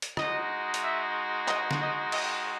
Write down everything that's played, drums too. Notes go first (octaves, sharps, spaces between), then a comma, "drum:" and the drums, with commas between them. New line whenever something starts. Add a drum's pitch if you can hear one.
drum: hi-hat
G#3 D#4 F#4 D#5, drum: rim click
drum: hi-hat
E5
D#5, drum: clap
drum: snare
D#5
D#5, drum: cymbal